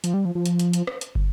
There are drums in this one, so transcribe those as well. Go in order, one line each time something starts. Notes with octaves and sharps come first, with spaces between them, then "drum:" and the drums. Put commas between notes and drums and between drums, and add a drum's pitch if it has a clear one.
F3, drum: hi-hat
G3
F3
F3
drum: hi-hat
drum: hi-hat
drum: hi-hat
drum: rim click
drum: hi-hat
drum: kick